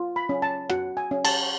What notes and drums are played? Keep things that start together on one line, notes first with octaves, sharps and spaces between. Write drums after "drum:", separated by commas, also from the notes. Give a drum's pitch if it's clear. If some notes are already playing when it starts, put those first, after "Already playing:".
Already playing: F4
B5
C#4
A5
F#4 F#5, drum: rim click
G#5
C#4
A5, drum: cymbal